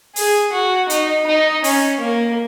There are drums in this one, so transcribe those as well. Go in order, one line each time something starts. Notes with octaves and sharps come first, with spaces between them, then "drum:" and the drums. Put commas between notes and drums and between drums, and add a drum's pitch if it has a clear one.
G#4, drum: open hi-hat
F#4
D#4, drum: hi-hat
D#4
C#4, drum: open hi-hat
A#3